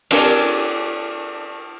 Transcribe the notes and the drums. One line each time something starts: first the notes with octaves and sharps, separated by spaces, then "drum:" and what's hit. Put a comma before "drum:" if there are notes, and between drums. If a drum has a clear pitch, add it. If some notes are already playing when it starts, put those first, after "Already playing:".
C4 D4 G4 A4 A#4 C#5, drum: cymbal